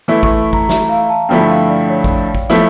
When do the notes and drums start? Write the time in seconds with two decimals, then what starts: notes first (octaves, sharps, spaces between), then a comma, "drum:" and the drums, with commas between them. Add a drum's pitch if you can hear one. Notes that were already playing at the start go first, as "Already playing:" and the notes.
0.08 E3 A3 E4
0.23 C#6, drum: kick A1
0.39 C#6
0.53 A#5, drum: kick A1
0.69 E5, drum: snare
0.89 F5
1.09 A5
1.29 G2 D3 F3 A3 E4 G5
1.48 F5
1.69 D5
1.90 C#5
2.04 drum: kick A1
2.35 drum: kick A1
2.50 F3 A3 E4, drum: snare